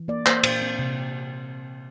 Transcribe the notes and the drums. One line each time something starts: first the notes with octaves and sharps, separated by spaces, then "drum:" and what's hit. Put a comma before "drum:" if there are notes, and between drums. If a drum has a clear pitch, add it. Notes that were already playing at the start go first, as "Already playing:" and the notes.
Already playing: E3
A#3 D5
A#3 C5, drum: clap
A#2 C5, drum: cymbal
C4
C3